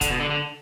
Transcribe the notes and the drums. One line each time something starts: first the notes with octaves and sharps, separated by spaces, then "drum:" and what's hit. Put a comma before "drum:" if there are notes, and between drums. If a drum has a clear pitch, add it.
D3, drum: kick F1, hi-hat
B2
D3
D3